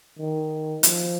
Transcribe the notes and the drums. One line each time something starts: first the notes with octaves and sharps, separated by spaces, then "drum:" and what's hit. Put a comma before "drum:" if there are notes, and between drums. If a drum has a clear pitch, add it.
D#3
F3, drum: hi-hat